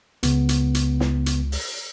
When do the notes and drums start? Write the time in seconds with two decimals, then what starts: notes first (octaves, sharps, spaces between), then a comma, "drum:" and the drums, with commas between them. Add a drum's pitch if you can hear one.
0.23 C#2 C#3 B3, drum: hi-hat
0.49 drum: hi-hat
0.75 drum: hi-hat
1.00 drum: snare
1.26 drum: hi-hat
1.52 drum: open hi-hat